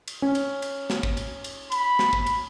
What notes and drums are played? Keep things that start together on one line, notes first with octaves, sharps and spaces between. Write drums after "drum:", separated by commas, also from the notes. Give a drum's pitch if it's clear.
drum: cymbal
C#4
drum: cymbal
drum: cymbal
drum: snare
drum: kick
drum: cymbal
drum: cymbal
B5, drum: cymbal
drum: snare
drum: kick
drum: cymbal